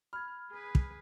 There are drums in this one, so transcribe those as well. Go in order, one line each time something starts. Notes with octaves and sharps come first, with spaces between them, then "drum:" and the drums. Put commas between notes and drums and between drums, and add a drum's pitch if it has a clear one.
B5 F6 G#6
G#4 B4
drum: kick